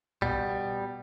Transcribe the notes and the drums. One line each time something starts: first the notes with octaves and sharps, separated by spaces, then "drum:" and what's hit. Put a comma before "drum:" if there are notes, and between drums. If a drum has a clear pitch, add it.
B2 G3, drum: kick A#1